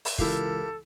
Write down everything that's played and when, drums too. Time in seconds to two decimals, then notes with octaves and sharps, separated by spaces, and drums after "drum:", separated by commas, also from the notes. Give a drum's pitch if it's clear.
0.05 drum: open hi-hat
0.18 C#2 E3 E4 G4 A4 A#4 F5, drum: kick